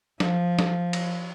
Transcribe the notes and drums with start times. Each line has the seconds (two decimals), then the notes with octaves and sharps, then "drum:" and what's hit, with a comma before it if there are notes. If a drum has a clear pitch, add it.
0.20 F3, drum: snare
0.59 drum: snare
0.93 drum: cymbal